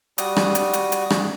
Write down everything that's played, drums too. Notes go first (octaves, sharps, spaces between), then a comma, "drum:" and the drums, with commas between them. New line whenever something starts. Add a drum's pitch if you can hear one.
G3 F#4 D#6, drum: hi-hat
drum: rim click
drum: hi-hat
drum: hi-hat
drum: hi-hat
drum: rim click